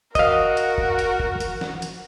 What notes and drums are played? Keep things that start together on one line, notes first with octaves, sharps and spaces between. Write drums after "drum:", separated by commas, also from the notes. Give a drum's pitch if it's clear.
F#4 A#4 D#5 F5, drum: kick, hi-hat
drum: hi-hat
drum: kick
drum: hi-hat
drum: kick
drum: hi-hat
drum: snare
drum: hi-hat